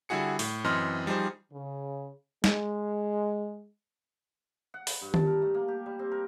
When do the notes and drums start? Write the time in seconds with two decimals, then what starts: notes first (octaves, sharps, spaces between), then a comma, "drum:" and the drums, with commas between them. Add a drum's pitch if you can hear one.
0.09 D3 G3 E4 F#4 G#4 C#7
0.39 A2, drum: open hi-hat
0.64 F#2 E3 C4 D#5 C6 F6
1.06 F3 G3 D#4 G#4 C5
1.52 C#3
2.44 G#3, drum: snare
4.74 F#5
4.87 B5, drum: open hi-hat
5.01 G2
5.14 A5, drum: tom D#3
5.26 A#4
5.42 A3
5.54 A#3
5.68 G4
5.86 G3
5.99 C4
6.11 A#4